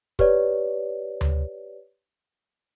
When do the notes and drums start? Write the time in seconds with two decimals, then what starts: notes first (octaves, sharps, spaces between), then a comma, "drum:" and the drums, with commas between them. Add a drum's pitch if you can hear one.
0.19 G4 B4 C#5 D5, drum: kick
1.21 drum: tom D2